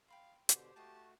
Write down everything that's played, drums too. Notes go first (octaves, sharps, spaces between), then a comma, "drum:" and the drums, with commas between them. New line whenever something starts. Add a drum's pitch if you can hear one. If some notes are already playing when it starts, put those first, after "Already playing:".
F5 G5 B5 C6
B2 D3 G4 C5, drum: hi-hat
A3 F#4 C5 D#5 G5 A5